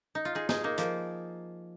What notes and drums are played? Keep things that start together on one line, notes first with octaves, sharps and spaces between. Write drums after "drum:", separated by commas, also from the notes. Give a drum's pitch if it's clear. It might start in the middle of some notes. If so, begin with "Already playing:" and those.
D#4
F4
D#4 G#4
D#4 G#4, drum: snare
A#3 D#4
F3 A#3, drum: hi-hat